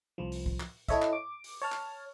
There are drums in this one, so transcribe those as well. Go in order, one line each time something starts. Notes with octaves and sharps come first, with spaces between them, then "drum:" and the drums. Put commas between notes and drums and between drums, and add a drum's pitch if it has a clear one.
C2 F3
drum: open hi-hat
drum: kick
drum: clap
E4 A4 C#5 D#5 E5, drum: kick, hi-hat
drum: clap
D6
drum: open hi-hat
C#5 A5 F6
drum: clap